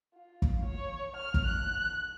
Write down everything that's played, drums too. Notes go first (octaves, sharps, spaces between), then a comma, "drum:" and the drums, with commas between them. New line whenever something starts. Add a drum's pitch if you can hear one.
F4
drum: kick
C#5
F6
drum: kick
F#6